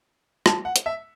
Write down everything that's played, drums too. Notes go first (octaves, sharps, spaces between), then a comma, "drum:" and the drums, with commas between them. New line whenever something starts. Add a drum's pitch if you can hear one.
A5, drum: rim click
F#5
drum: hi-hat
E5